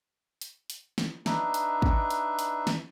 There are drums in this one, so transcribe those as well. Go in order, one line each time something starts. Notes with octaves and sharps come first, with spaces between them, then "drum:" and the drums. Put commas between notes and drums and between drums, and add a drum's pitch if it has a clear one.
drum: hi-hat
drum: hi-hat
drum: snare
D4 D#4 B4 E5, drum: snare
drum: hi-hat
drum: kick
drum: hi-hat
drum: hi-hat
drum: snare